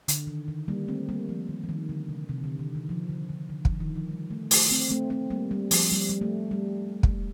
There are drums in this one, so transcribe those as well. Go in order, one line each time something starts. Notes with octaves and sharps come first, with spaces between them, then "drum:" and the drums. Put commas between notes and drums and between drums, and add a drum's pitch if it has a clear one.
D3, drum: hi-hat
D#3
D#3
G3 A#3
A3 C4
G3 A#3
F3
D#3
F3
D#3
D3
C3
C3
D3
D#3
D#3
F3
D3
D3
D3
F3, drum: kick
D3
D#3
F3
G3
A3
A3, drum: open hi-hat
A3 C4
A3 C4
A3 C4
G3 A#3
G3
F3, drum: open hi-hat
G3
G3
A3
G3
drum: kick